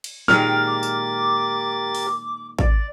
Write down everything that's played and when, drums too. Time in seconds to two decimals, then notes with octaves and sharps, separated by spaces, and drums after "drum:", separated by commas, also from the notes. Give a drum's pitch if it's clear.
0.04 drum: cymbal
0.28 A#2 D#3 G#3 G4 A#4 G5 F6 A6, drum: snare
0.66 D6
0.83 drum: tambourine
1.95 drum: open hi-hat
2.59 D5, drum: kick G#1